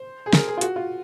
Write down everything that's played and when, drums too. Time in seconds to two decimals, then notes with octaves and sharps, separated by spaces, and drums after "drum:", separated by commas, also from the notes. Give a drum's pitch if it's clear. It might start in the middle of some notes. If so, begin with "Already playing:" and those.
Already playing: C5
0.26 G#4
0.33 A#4, drum: snare
0.48 G#4
0.57 F4
0.61 F#4, drum: hi-hat
0.76 F4